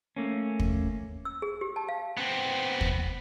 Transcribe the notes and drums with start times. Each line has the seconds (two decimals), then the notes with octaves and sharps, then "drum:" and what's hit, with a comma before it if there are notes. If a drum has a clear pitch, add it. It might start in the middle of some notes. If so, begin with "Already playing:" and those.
0.16 A3 A#3 C#4
0.59 drum: kick
1.25 E6
1.42 G#4
1.61 G4
1.76 A5
1.89 F5
2.17 B3 C4
2.81 drum: kick